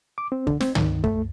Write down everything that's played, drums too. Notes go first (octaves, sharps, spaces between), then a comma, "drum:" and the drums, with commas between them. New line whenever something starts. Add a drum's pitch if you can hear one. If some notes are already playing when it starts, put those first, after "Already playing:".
D6
C4
D3, drum: kick
C4, drum: snare
D#3, drum: tom
A3, drum: kick